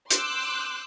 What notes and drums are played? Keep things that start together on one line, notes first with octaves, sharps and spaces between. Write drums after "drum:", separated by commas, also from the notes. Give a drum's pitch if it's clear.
C6 D6 E6 F#6 G6, drum: hi-hat